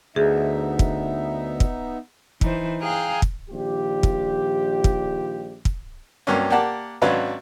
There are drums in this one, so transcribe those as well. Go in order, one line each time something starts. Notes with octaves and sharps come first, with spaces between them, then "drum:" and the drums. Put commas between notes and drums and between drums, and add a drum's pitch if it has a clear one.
D2 B3 D#4 G#4 E5
drum: kick
drum: kick
E3 D#4 C5, drum: kick
G#4 F5 G5 G#5 A#5 F#6
drum: kick
A#1 D#3 G3 F4 G4
drum: kick
drum: kick
drum: kick
C2 G2 F#3 A#3 C#4
A#3 G4 D5 F#5 A5
G#1 F#3 C#4 D4 B4 F5